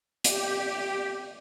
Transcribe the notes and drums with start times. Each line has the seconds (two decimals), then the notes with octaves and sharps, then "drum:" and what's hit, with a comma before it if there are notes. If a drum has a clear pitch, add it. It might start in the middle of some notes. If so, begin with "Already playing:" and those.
0.24 G4, drum: hi-hat